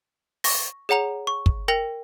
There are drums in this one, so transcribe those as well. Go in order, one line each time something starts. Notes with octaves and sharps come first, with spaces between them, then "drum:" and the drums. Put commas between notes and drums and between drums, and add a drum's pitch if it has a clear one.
C#6 A#6, drum: open hi-hat
G#4 C#5 F#5 A#5 F7
C#6
drum: kick
A#4 G5 A#6 F7